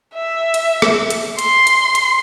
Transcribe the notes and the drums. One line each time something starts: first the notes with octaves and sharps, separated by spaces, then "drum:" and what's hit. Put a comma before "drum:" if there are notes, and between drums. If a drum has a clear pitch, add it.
E5
drum: hi-hat
drum: rim click
drum: hi-hat
C6, drum: hi-hat
drum: hi-hat
drum: hi-hat